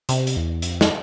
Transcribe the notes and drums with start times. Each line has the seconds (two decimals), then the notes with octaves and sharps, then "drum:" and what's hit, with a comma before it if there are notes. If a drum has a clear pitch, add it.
0.09 C3, drum: hi-hat
0.27 drum: hi-hat
0.37 E2
0.62 F2, drum: hi-hat
0.81 drum: snare